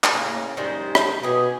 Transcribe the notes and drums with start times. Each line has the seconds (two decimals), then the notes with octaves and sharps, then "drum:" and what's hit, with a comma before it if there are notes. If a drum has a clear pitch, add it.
0.04 drum: clap
0.13 A2 C#3 A#3 C#4
0.57 F#2 D#3 G3 G#3 C5
0.95 drum: rim click
1.23 B2 D#3 G4 G#4